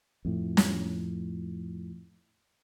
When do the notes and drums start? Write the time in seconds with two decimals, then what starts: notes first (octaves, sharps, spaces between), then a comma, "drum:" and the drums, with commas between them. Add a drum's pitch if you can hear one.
0.25 F2 A2
0.57 drum: snare